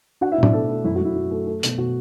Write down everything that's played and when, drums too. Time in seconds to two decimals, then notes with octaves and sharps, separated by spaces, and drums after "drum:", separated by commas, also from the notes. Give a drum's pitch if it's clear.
0.21 D4 F#4 F#5
0.32 E4 E5
0.38 B2
0.43 D4 D5, drum: tom A2
0.53 A3 A4
0.69 A3
0.85 F#2 E4
0.96 F#4
1.00 F#2 E4
1.16 F#3
1.31 A3
1.47 A3
1.63 B2, drum: hi-hat
1.78 B2 F#4